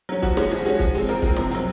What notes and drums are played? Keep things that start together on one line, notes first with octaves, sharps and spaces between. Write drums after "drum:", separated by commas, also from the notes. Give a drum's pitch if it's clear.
F#3 C#4
F3 F#4, drum: kick, hi-hat
G#3 C#4, drum: snare
F3 G#4, drum: hi-hat
G#3 C#4 F#4, drum: hi-hat
F3, drum: kick, hi-hat
G#3 C4, drum: hi-hat
F3 A#4, drum: hi-hat
G#3, drum: kick, hi-hat
C4
C3, drum: snare
F#3 C4, drum: hi-hat